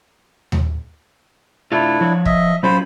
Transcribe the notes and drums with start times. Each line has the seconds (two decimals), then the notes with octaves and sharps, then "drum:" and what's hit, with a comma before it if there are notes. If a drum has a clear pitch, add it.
0.52 drum: tom D#2
1.72 A3 D4 E4 F4
2.01 F3 C#5
2.25 D#5 E5, drum: kick
2.63 F#3 C#4 F4 C5 B5